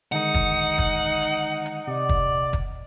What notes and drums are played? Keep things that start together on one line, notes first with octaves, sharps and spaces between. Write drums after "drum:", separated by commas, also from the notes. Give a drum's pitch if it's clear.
D3 D#3 G#3 D#4 F#5
drum: kick, hi-hat
drum: kick, hi-hat
drum: hi-hat
drum: hi-hat
C3 D5 D#5
drum: kick
drum: kick, hi-hat